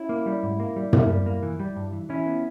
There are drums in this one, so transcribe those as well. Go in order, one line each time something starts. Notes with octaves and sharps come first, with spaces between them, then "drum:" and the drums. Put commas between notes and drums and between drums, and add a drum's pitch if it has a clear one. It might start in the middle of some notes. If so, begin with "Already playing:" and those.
Already playing: C#4 E4
A#3
G3
G#2
A#3
G3
A#3, drum: tom
G3
A#3
E3
G3
G2
E3
E3 C#4 E4
B3